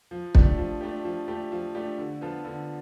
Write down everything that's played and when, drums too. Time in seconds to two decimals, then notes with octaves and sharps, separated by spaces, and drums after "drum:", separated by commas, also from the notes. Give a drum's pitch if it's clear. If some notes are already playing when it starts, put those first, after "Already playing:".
0.11 F3
0.35 A3 D4 G4, drum: kick
0.58 F3
0.81 A3 D4 G4
1.04 F3
1.28 A3 D4 G4
1.52 F3
1.75 A3 D4 G4
1.98 D3
2.21 F3 B3 F4 A4
2.45 D3